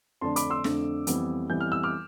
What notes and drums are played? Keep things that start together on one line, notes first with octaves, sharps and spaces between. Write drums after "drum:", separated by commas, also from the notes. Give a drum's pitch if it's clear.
F2 D3 A3 D4 A5 C6
B5 D6, drum: hi-hat
C6 E6
F2 D3 A3 D4, drum: snare
F2 E3 G3 B3, drum: hi-hat
F2 E3 G3 B3 G6
F6
E6
D6 F6